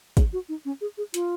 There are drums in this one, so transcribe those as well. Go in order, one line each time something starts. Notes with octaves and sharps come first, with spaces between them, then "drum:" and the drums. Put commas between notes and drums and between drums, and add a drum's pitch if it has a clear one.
G#4, drum: kick, hi-hat
F#4
D#4
C#4
G#4
G#4
F4, drum: hi-hat